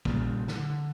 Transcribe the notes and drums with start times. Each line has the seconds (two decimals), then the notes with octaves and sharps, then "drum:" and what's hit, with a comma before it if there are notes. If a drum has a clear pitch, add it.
0.05 A#2 C#3 G3, drum: kick
0.48 D3, drum: snare